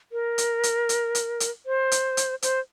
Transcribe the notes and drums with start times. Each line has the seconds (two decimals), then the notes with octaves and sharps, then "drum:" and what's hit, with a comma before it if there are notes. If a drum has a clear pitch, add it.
0.12 A#4
0.38 drum: hi-hat
0.63 drum: hi-hat
0.89 drum: hi-hat
1.15 drum: hi-hat
1.40 drum: hi-hat
1.66 C5
1.92 drum: hi-hat
2.17 drum: hi-hat
2.42 C5, drum: hi-hat